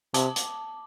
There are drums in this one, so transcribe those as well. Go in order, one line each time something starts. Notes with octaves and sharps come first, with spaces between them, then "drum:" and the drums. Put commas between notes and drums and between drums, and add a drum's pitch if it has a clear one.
C3 A5 D6, drum: hi-hat
drum: hi-hat